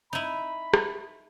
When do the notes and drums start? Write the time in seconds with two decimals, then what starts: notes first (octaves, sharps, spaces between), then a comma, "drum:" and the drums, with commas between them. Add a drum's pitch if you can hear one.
0.13 D#4 E4 B5
0.74 drum: rim click